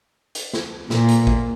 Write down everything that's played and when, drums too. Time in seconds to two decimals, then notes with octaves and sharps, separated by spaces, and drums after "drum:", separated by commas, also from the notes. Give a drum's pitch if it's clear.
0.35 drum: hi-hat
0.53 drum: snare
0.90 A#2, drum: snare
1.09 drum: hi-hat
1.27 drum: kick A1